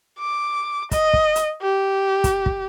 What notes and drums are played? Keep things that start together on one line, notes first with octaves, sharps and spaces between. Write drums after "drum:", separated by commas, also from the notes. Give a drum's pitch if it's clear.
D6
D#5, drum: kick, hi-hat
drum: kick
drum: hi-hat
G4
drum: kick, hi-hat
drum: kick